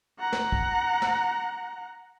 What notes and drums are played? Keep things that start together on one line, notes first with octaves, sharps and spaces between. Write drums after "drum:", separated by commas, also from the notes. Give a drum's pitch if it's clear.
F#5 A#5
drum: snare
drum: kick
drum: snare